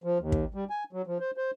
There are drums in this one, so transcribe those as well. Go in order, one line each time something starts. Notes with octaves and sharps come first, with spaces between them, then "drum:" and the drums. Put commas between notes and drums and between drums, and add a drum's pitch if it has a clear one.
F3
D#2
drum: kick
G3
G#5
F#3
F3
C5
C5